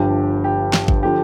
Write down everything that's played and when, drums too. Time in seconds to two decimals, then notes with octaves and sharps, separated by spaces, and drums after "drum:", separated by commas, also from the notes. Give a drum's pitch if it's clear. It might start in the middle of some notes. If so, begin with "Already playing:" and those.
Already playing: G1 G2 F3 G4
0.44 G4
0.73 drum: snare
0.88 drum: kick G#1
1.03 D3 F3 G4